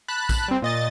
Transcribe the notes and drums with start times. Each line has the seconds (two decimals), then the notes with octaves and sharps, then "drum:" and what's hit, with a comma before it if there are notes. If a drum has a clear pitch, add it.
0.08 A5 B5 F#6
0.29 drum: kick A#1, tambourine
0.48 G3 C4
0.62 A#2 D#5 A6